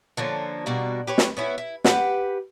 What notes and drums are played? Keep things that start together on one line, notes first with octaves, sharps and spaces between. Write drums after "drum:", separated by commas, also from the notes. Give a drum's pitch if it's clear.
D3 F3 A#3 C#4
B2 G3 A#3 F#4
G4 B4 C#5
drum: snare
B3 C#4 E4
E4
G4 B4 F#5, drum: snare